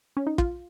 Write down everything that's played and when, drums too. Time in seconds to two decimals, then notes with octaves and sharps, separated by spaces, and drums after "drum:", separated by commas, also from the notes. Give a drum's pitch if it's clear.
0.17 C#4
0.27 D#4
0.38 F4, drum: kick